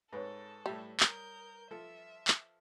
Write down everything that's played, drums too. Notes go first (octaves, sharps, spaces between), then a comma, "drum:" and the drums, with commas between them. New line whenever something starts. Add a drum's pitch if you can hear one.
G#2 A4 B4 C#5
A2 G3 E5 A5
A#4 D#6 G6, drum: clap
F3 A4 E5
drum: clap